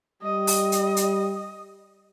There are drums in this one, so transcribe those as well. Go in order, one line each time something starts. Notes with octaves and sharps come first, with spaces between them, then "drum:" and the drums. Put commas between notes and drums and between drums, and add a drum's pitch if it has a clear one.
G3 D#5
drum: open hi-hat
drum: hi-hat
drum: hi-hat